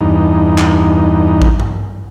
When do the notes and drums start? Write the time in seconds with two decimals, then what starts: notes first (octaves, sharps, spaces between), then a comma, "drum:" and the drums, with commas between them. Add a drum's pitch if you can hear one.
0.01 E2 G2 D#4
0.58 drum: clap
1.42 drum: kick A1
1.60 drum: tom G2